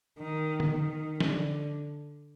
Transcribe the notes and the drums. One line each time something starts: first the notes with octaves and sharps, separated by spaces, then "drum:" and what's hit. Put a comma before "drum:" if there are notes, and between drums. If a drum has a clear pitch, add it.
D#3
drum: tom D3
D#3
D3, drum: snare